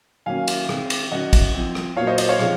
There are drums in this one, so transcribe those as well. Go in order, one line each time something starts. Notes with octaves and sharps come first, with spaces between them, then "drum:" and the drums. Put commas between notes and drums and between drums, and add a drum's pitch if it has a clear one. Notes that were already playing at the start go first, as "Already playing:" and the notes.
D#3 F#3 A#3 C#4 F5 G#5
drum: cymbal
D#3 G#3 C4, drum: rim click
drum: cymbal
D#3 F#3 C#4 D#5 F#5
drum: kick, cymbal
F3 C4
drum: rim click
A#2 F#3 A#3 C#5 F5
C5 D#5
C5 D#5, drum: cymbal
C#5 F5
C3 F3 G#3, drum: rim click